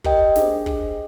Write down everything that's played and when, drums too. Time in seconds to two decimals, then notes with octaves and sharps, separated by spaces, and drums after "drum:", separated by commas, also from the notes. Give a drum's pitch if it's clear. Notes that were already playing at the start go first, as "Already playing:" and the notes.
0.04 G4 A#4 D#5 G5, drum: kick
0.35 D4 G#4 C5, drum: snare
0.66 G#4 D#5 G5, drum: kick